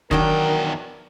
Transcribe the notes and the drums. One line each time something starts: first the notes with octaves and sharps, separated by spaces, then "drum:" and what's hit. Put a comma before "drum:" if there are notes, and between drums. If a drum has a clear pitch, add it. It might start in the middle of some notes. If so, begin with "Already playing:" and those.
E2 D#3 F#3 D4 A#4 G5, drum: kick